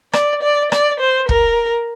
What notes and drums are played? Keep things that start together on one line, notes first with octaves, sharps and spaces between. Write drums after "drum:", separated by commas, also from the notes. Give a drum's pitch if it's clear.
D5, drum: rim click
D5
D5, drum: rim click
C5
A#4, drum: kick